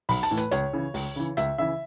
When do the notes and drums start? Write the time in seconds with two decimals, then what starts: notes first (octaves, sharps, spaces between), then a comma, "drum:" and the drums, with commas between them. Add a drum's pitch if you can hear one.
0.09 B1 B5, drum: open hi-hat
0.23 A5, drum: hi-hat
0.31 A2 E3
0.37 B4, drum: hi-hat
0.51 C#2 C#5, drum: hi-hat
0.73 C#3 E3
0.94 C#2, drum: open hi-hat
1.16 C#3 E3
1.37 C#2 E5, drum: hi-hat
1.58 C#3 E3 E5